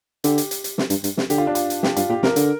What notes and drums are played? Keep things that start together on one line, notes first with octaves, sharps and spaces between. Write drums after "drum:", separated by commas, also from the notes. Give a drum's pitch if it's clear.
D3 G4, drum: hi-hat
drum: hi-hat
drum: hi-hat
drum: hi-hat
C3, drum: snare
G2, drum: hi-hat
G2, drum: hi-hat
C3, drum: snare
D3 G4, drum: hi-hat
F4
D4
F4, drum: hi-hat
drum: hi-hat
C3 G4, drum: snare
G2 F4, drum: hi-hat
A#2 G4
C3 A#4, drum: snare
D3, drum: hi-hat